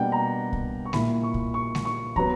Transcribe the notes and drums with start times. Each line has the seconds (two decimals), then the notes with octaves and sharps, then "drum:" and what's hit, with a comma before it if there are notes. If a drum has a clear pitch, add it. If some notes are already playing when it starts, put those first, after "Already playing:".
Already playing: B2 G3 A#3 D4 F#5 G5
0.12 A#5
0.53 drum: kick
0.85 C#6
0.93 A#2 A#3 E4 B5, drum: snare G#3
1.23 C#6
1.34 drum: kick
1.54 C#6
1.75 drum: snare G#3
1.85 C#6
2.16 F#3 B3 A#5, drum: kick